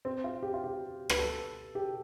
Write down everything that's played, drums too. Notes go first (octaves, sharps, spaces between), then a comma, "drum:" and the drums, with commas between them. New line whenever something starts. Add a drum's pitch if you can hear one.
C4
F4
G4
F4
G4
B4, drum: rim click
A4
G4